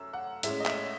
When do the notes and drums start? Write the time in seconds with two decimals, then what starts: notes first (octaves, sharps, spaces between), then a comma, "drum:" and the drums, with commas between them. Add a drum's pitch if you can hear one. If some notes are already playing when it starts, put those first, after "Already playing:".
Already playing: F#2 A3 E6
0.13 F#5
0.43 A2 G#3 C#4 E5, drum: hi-hat
0.60 D#5
0.66 E5, drum: clap
0.78 C#5